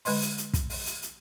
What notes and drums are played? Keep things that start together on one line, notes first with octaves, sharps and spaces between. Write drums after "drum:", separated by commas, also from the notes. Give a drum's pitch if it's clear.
D3 G#3 B4 D#5 C6, drum: open hi-hat
drum: hi-hat
drum: hi-hat
drum: kick, hi-hat
drum: open hi-hat
drum: hi-hat
drum: hi-hat